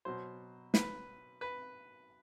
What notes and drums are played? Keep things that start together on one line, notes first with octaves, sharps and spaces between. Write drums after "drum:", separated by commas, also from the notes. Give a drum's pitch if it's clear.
B2 F#3 C5
B4, drum: snare
B4